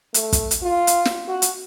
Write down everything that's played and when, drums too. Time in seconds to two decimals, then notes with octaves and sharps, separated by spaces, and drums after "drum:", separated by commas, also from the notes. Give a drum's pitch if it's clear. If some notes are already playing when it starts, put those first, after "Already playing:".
0.14 A3, drum: hi-hat
0.33 drum: kick, hi-hat
0.51 drum: hi-hat
0.63 F4
0.87 drum: hi-hat
1.05 drum: snare
1.28 F#4
1.42 drum: hi-hat